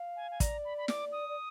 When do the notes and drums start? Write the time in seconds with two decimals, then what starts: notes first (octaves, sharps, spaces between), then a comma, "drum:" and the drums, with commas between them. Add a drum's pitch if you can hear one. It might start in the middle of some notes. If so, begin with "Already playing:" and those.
Already playing: F5
0.16 G#5
0.31 G#5
0.40 D5 A#5, drum: kick, hi-hat
0.65 B5
0.78 B5
0.88 D6, drum: snare
1.12 D#6
1.29 D5